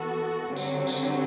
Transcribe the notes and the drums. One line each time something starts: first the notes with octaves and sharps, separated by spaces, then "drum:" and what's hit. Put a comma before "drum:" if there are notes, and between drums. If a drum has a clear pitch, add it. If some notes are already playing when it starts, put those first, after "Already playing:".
Already playing: E3 B3 F#4 A4
G2 D3 F#3 C4, drum: tambourine
drum: tambourine